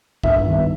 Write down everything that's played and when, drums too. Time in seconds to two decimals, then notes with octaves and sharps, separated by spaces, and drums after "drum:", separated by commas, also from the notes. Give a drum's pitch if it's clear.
0.23 G2 E5, drum: kick
0.45 D#3 G3 B3